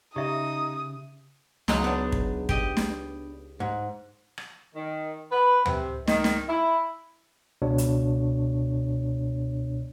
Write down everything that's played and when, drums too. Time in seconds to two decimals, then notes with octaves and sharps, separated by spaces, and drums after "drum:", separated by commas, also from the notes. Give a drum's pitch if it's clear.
0.16 C#3 D#4 G4 E5 A#5 D#6
1.68 C#2 F#3 G#3 D#4, drum: snare
1.84 B3 D4
2.12 drum: kick
2.49 G4 D#5, drum: kick
2.77 drum: snare
3.60 G#2
4.38 drum: rim click
4.75 D#3
5.32 B4
5.66 C3, drum: tom D2
6.07 D#3, drum: snare
6.24 drum: snare
6.49 E4
7.62 C#2 B2 D4 C#5
7.78 drum: hi-hat